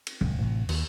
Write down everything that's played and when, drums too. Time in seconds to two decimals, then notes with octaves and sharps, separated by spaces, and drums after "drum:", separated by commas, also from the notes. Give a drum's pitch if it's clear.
0.07 drum: cymbal
0.21 D#1 C#2 G2 C#3, drum: tom
0.38 A1 A2 C3 E3
0.69 D#2, drum: cymbal